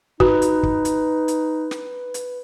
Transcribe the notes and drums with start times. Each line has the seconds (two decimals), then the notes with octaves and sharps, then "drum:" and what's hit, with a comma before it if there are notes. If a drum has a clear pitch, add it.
0.20 D#4 F#4 B4, drum: kick
0.42 drum: hi-hat
0.63 drum: kick
0.85 drum: hi-hat
1.28 drum: hi-hat
1.71 drum: snare
2.14 drum: hi-hat